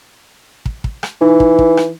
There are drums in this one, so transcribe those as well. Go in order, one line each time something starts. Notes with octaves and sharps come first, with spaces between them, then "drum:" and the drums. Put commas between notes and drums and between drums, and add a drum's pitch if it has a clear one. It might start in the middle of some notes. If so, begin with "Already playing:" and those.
drum: kick
drum: kick
drum: rim click
E3 D#4
drum: kick
drum: kick
drum: rim click